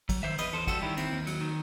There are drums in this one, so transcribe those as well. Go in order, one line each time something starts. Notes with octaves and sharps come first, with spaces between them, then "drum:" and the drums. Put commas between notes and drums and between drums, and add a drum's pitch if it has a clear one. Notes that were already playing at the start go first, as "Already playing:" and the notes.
F#3, drum: kick A1, cymbal
D#3 C5 E5
E2 B4 D#5, drum: cymbal
E2 A4 C5
G3 F#4 A4, drum: kick A1, cymbal
D#3 E4 G4
D#2 C4 E4, drum: cymbal
D#2
F#3, drum: cymbal
D#3